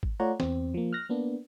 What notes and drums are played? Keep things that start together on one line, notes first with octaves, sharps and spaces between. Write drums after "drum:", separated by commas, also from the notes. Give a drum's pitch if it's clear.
drum: kick
A3 F4 C#5 D5 F#5 A#5
E2 C4, drum: snare
F3 A#3
F6 F#6 A#6
A#3 B3 D4